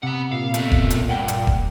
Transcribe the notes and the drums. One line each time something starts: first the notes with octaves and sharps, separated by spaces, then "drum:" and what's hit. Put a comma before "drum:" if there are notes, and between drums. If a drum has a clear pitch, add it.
C3 F#5 B5
A#2 F5
B2 A3, drum: hi-hat
drum: kick E1
drum: hi-hat
G2 F#5 G5
drum: hi-hat
drum: kick E1